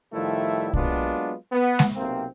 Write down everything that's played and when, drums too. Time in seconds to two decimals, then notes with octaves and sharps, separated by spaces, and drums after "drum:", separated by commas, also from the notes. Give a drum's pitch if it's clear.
0.12 A2 D#3 F3 G3 A3 E4
0.73 F#3 G#3 A#3 B3 D4 F4, drum: kick
1.52 B3
1.79 drum: snare G#3
1.96 B1 C3 A#3 C4